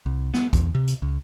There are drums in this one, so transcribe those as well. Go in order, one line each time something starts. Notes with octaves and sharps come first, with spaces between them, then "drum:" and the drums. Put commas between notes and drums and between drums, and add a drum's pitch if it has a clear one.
C2
B3, drum: snare
E2, drum: kick, hi-hat
C3
drum: hi-hat
C#2